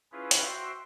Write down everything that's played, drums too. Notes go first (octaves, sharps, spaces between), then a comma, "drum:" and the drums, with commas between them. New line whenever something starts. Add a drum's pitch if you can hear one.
C#4 E4 F4 G#4 B4
drum: hi-hat
F#4 C5 E5 G5 C6